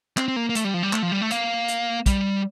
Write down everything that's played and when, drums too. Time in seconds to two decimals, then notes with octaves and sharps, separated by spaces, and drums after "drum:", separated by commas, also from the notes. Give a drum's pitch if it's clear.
0.18 C4, drum: clap
0.28 C4
0.36 A#3
0.49 A#3
0.55 A3, drum: hi-hat
0.65 G3
0.74 F3
0.83 G3
0.93 A3, drum: clap
1.03 F3
1.12 G3
1.21 A3
1.31 A#3, drum: hi-hat
1.68 drum: hi-hat
2.06 G3, drum: kick, hi-hat